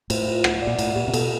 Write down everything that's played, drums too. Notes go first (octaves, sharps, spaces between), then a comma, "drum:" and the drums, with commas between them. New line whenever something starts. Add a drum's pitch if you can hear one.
A2 C5, drum: cymbal
F4
F#5, drum: rim click
D5
A#2
A2 F#5, drum: cymbal
A#2 G4
C3
B2 A4, drum: cymbal